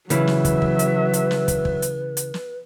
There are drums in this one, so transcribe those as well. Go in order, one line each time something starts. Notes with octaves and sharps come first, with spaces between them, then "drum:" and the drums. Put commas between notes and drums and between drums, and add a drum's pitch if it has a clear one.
C#3 E3 F#3 B4 E5, drum: hi-hat
drum: snare
drum: kick, hi-hat
drum: kick
drum: hi-hat
drum: hi-hat
drum: snare
drum: kick, hi-hat
drum: kick
drum: hi-hat
drum: hi-hat
drum: snare